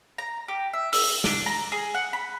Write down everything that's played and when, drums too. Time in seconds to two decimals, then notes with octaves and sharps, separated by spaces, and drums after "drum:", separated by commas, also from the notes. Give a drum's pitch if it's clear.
0.18 A#5
0.48 G4
0.73 E5
0.93 E6, drum: open hi-hat
1.24 D4, drum: snare
1.46 A#5
1.72 G#4
1.94 F#5
2.13 B5